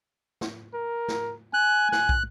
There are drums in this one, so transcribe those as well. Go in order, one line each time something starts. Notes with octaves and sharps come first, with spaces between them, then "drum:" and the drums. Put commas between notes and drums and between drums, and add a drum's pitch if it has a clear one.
drum: snare
A#4
drum: snare
G#5 F#6
F#6, drum: snare
drum: kick